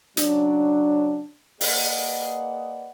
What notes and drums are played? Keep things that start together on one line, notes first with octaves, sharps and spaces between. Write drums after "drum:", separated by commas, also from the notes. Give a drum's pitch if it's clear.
C#3 F#3 C#4 D4, drum: hi-hat
A#3 G#4 B4 D5 D#5 F#5, drum: open hi-hat